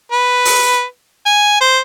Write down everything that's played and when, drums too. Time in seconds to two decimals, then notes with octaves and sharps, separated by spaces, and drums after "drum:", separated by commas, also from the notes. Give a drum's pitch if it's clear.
0.12 B4
0.45 drum: open hi-hat
1.26 G#5
1.61 C5